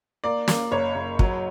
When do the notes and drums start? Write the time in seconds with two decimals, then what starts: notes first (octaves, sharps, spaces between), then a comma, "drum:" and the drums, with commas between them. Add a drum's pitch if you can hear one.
0.24 A#3 D5
0.48 A#3, drum: snare
0.71 F#1 C#5
0.95 F#1
1.19 F#3, drum: kick